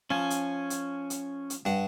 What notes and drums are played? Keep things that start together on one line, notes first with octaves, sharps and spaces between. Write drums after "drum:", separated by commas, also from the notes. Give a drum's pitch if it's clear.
F3 C#4 G#5
drum: hi-hat
drum: hi-hat
drum: hi-hat
drum: hi-hat
G2 F#5